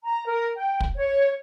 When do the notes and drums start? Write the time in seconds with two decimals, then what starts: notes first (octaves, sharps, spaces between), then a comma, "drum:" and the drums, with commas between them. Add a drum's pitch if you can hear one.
0.04 A#5
0.25 A#4
0.55 G5
0.80 drum: kick
0.96 C#5